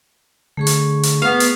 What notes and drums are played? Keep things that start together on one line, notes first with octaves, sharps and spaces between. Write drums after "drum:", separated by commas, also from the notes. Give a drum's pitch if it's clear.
D3 A3 G#4 C#6
drum: hi-hat
drum: hi-hat
B3 F5
drum: hi-hat